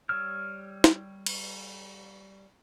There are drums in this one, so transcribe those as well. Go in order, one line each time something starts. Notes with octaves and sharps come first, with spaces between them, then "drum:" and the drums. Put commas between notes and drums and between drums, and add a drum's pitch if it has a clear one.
G3 C#5 E6 F6
drum: snare
drum: cymbal